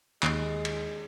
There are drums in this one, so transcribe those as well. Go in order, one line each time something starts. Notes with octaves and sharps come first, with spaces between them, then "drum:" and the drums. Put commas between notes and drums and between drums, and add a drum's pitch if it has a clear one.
D#2 G#3, drum: clap
drum: cymbal